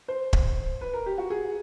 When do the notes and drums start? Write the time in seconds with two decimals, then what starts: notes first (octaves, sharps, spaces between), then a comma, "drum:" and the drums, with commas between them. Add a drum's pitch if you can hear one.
0.08 C5
0.33 drum: kick
0.81 B4
0.93 A#4
1.06 G4
1.18 F#4
1.30 G#4